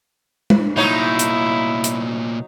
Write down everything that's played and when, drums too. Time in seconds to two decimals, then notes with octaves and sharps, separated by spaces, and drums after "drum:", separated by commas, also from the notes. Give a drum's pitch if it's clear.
0.50 drum: tom G#3
0.76 C2 A#2 F#3 D#4 E4 C#5
1.19 drum: hi-hat
1.84 drum: hi-hat